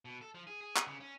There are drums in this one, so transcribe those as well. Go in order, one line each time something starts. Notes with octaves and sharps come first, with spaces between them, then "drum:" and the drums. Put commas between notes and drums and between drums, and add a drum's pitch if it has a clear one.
B2
A4
F3
G#4
G#4
drum: clap
C#3
C#4